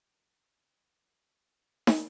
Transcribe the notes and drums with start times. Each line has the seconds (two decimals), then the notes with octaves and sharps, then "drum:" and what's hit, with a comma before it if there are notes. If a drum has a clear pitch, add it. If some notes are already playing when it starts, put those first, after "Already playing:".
0.25 D4 F#5 F#6 G6
0.58 A#4 B5
1.87 drum: snare